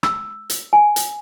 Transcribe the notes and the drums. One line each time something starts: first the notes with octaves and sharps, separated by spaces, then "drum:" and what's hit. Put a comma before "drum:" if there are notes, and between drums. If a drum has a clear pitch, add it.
E6, drum: rim click
drum: hi-hat
G#5
drum: hi-hat